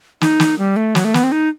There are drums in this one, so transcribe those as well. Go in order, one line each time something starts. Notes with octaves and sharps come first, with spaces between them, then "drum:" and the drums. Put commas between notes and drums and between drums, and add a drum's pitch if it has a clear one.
D#4, drum: snare
drum: snare
G3
A3
F#3, drum: snare
A3
B3, drum: snare
C4
D#4